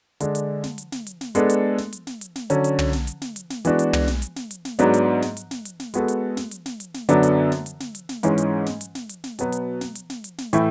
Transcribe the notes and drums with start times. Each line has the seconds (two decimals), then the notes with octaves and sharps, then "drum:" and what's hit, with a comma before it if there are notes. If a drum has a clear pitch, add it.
0.20 D3 G#3 D4, drum: hi-hat
0.35 drum: hi-hat
0.64 drum: snare
0.78 drum: hi-hat
0.92 drum: snare
1.07 drum: hi-hat
1.21 drum: snare
1.35 G#3 B3 D4 A4, drum: hi-hat
1.50 drum: hi-hat
1.78 drum: snare
1.93 drum: hi-hat
2.07 drum: snare
2.21 drum: hi-hat
2.36 drum: snare
2.50 D3 F#3 C#4, drum: hi-hat
2.64 drum: hi-hat
2.79 drum: tom
2.93 drum: snare
3.07 drum: hi-hat
3.22 drum: snare
3.36 drum: hi-hat
3.50 drum: snare
3.65 E3 G#3 B3 D4 F#4, drum: hi-hat
3.79 drum: hi-hat
3.93 drum: tom
4.08 drum: snare
4.22 drum: hi-hat
4.36 drum: snare
4.51 drum: hi-hat
4.65 drum: snare
4.79 G#2 F#3 B3 D4, drum: hi-hat
4.94 drum: hi-hat
5.22 drum: snare
5.37 drum: hi-hat
5.51 drum: snare
5.65 drum: hi-hat
5.80 drum: snare
5.94 G#3 B3 F#4 A4, drum: hi-hat
6.08 drum: hi-hat
6.37 drum: snare
6.51 drum: hi-hat
6.66 drum: snare
6.80 drum: hi-hat
6.94 drum: snare
7.09 F#2 D3 F#3 B3 D4, drum: hi-hat
7.23 drum: hi-hat
7.52 drum: snare
7.66 drum: hi-hat
7.80 drum: snare
7.95 drum: hi-hat
8.09 drum: snare
8.23 G#2 E3 G#3 C#4, drum: hi-hat
8.38 drum: hi-hat
8.66 drum: snare
8.81 drum: hi-hat
8.95 drum: snare
9.09 drum: hi-hat
9.24 drum: snare
9.39 B2 F#3 B3, drum: hi-hat
9.52 drum: hi-hat
9.81 drum: snare
9.95 drum: hi-hat
10.10 drum: snare
10.24 drum: hi-hat
10.38 drum: snare
10.53 A2 E3 A3 E4, drum: hi-hat